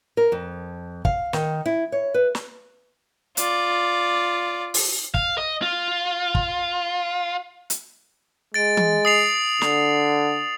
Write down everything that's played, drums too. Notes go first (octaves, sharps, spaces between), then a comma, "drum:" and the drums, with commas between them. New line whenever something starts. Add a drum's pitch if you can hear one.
A#4
F2
F5, drum: kick
D#3, drum: snare
E4
C#5
B4
drum: snare
F4 D5, drum: hi-hat
drum: open hi-hat
F5, drum: kick
D#5
F4
drum: kick
drum: hi-hat
G#3 A6 D7
drum: tom E3
D#6 C7 F7
D3, drum: snare